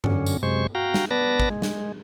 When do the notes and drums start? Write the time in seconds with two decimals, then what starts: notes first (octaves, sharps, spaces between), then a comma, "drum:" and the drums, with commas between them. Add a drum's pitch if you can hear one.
0.04 F#2 D3 C#4, drum: tom G2
0.26 drum: tambourine
0.43 F#2 C3 G#3 C5 C#6
0.75 F#4 F5 G5 A#5
0.94 drum: snare
1.11 B3 B4 D5 A5 A#6
1.40 drum: kick
1.50 G#3
1.62 drum: snare